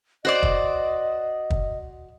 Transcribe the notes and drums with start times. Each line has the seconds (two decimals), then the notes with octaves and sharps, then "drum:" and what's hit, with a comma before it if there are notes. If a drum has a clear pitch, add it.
0.25 F#4 C5 D5 D#5
0.43 drum: kick
1.50 drum: kick